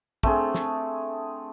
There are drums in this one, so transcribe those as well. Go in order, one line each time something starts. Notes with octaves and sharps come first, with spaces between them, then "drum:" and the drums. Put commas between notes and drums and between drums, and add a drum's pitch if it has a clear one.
A3 C4 D4 G#4, drum: kick
drum: snare